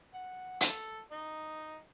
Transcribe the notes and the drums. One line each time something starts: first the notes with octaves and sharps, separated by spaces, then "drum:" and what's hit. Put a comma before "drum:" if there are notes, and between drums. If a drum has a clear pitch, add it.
F#5
A4, drum: hi-hat
D#4